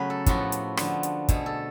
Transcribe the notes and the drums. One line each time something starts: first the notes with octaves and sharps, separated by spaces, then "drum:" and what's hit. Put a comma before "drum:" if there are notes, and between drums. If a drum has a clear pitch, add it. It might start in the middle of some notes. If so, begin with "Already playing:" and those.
Already playing: C#3 F#3 A3 B3 B4 C#5
A4
A2 F3 B3 F#4, drum: kick, hi-hat
drum: hi-hat
D3 F3 B3, drum: rim click
drum: hi-hat
B2 A3 G#4, drum: kick, hi-hat
A4